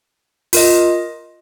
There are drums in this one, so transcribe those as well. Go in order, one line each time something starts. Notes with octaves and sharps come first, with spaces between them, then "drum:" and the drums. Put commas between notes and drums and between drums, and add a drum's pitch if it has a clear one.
F4 A#4 D#5, drum: open hi-hat